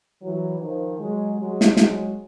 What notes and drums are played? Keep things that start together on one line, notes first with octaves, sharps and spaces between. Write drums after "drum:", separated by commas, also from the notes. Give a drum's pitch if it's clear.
E3 F#3
D#3 F3
F#3 G#3
F#3 G#3
drum: snare
F#3 G#3, drum: snare